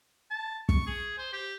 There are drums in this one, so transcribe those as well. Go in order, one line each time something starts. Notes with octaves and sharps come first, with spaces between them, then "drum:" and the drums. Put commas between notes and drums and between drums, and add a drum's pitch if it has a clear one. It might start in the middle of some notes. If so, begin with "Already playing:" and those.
A5
C#6, drum: kick
G#4
C5
G4